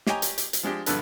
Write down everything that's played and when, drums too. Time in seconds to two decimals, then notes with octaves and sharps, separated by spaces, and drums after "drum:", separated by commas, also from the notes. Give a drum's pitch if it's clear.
0.07 G4 C#5 D#5 G5 G#5 A#5, drum: snare
0.22 drum: hi-hat
0.38 drum: hi-hat
0.53 drum: hi-hat
0.63 F3 G#3 D4 G4
0.86 A#1 G2 D3 A4 B4 F#6, drum: hi-hat